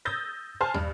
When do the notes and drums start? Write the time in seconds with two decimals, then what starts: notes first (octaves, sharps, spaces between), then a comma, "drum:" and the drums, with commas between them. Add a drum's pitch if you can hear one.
0.05 D#6 E6 G6 A6 A#6
0.61 C5 G#5 A5 C6 F6
0.74 G2, drum: tom